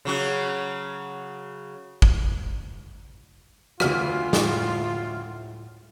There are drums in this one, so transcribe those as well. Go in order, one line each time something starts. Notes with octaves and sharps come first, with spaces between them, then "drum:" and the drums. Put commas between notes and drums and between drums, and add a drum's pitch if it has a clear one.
C#3 F#3 F#4
drum: kick
D2 E3 F4 F#4 F6 B6, drum: rim click
A2, drum: snare